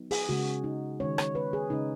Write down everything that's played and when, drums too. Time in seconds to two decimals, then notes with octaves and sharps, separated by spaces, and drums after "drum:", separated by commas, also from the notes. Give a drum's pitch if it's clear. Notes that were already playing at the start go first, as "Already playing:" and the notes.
Already playing: F#3 B3 D#4
0.11 G#4, drum: open hi-hat
0.29 C#3 G#3 C#4 F#4
0.64 D#4
1.00 D#3 G#3 C#4 C#5
1.18 C#5, drum: rim click
1.35 B4
1.53 G#4
1.70 C#3 G#3 C#4 D#4